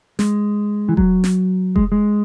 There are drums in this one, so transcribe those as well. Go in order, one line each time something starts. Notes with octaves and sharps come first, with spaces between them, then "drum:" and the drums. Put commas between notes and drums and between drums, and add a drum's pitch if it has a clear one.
G#3, drum: snare
E3
F#3, drum: kick F1
drum: snare
G#3, drum: kick F1
G#3